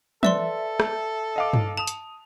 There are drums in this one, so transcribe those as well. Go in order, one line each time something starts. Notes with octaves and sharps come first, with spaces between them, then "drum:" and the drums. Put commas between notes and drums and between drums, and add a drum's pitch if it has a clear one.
A4 B4 D5 E5 C6, drum: tom
drum: rim click
D#5 F5 D6
drum: tom G2
A5 D#6 F7
drum: hi-hat